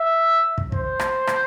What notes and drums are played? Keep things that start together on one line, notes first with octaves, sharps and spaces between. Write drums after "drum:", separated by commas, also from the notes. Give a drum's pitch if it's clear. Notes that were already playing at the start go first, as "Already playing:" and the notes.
Already playing: E5
drum: kick
C5, drum: kick
drum: rim click
drum: rim click